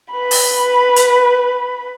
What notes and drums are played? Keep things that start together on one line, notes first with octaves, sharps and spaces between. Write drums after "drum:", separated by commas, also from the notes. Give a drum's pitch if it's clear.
B4 B5
drum: open hi-hat
drum: hi-hat